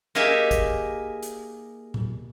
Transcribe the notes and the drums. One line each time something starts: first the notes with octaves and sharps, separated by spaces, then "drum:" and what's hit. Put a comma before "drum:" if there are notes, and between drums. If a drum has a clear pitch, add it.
A#3 D#4 G4 G#4 E5
drum: kick, hi-hat
drum: hi-hat
drum: tom A#2